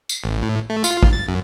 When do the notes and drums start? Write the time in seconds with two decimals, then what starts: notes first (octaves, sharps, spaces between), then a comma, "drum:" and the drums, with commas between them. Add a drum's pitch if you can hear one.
0.09 drum: tambourine
0.24 A1
0.42 A2
0.70 A3
0.84 F4, drum: tambourine
1.03 drum: kick
1.13 A6
1.28 F#2